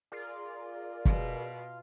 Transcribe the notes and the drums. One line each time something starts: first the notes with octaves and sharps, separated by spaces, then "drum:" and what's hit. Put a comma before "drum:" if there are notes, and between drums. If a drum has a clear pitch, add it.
F4 G#4 A#4 D5
B2, drum: kick